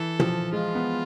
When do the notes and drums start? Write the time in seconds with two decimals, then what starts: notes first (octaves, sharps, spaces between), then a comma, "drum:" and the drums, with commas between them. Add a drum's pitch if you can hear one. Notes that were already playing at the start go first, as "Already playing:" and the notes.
Already playing: E3 A4
0.20 F3, drum: tom
0.53 G#3 F4
0.75 B3